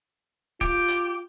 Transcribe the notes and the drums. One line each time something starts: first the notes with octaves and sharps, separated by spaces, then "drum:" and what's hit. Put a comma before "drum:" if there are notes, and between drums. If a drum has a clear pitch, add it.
F4 G4, drum: kick
drum: hi-hat